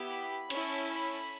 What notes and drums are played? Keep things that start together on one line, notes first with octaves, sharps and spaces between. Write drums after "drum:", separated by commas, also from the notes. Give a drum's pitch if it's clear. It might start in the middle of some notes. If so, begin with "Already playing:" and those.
Already playing: B3 E4 G4
B5
C#4 E4 A4, drum: cymbal
B5